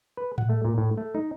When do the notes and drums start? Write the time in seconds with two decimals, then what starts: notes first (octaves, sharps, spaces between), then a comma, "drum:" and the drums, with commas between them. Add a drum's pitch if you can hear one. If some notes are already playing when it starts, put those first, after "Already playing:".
0.17 B4
0.38 F#5, drum: tom A2
0.50 A3
0.65 A#2
0.78 A2
0.97 A3
1.15 D#4